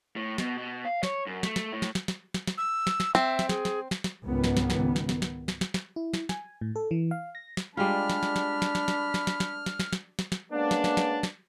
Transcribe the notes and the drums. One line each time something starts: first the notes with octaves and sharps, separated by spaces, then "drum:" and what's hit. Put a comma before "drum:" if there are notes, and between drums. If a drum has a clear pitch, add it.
A2
B2, drum: snare
B2
F5
C#5, drum: snare
F#2
A3, drum: snare
drum: snare
A2
drum: snare
drum: snare
drum: snare
drum: snare
drum: snare
E6
drum: snare
drum: snare
C4 E5, drum: snare
drum: snare
G#4, drum: snare
drum: snare
drum: snare
drum: snare
C#2 G#2 D#3 B3
drum: snare
drum: snare
drum: snare
drum: snare
drum: snare
drum: snare
drum: snare
drum: snare
drum: snare
E4
drum: snare
G#5, drum: snare
A2
A4
E3
F5
A#6
drum: snare
G3 G#3 D4 F4 B5 F6
drum: snare
drum: snare
drum: snare
drum: snare
drum: snare
drum: snare
drum: snare
drum: snare
drum: snare
drum: snare
drum: snare
drum: snare
drum: snare
drum: snare
G#3 A#3 B3 C#4 D4
drum: snare
drum: snare
drum: snare
drum: snare